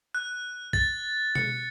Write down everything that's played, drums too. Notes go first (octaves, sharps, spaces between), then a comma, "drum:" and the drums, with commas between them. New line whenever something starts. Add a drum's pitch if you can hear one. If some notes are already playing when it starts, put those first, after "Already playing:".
F#6
A6, drum: kick
C#7, drum: tom B2